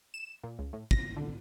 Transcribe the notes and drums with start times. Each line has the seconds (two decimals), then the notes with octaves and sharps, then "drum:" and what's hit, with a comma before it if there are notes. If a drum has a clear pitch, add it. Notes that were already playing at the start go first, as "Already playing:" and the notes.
0.14 E7
0.44 A#2
0.59 C#2
0.73 A2
0.91 A#6, drum: kick
1.16 D3